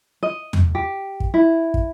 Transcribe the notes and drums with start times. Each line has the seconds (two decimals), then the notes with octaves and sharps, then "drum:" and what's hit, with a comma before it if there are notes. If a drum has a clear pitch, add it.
0.23 D#5
0.53 drum: tom E2
0.75 G4
1.20 drum: kick
1.34 E4
1.74 drum: kick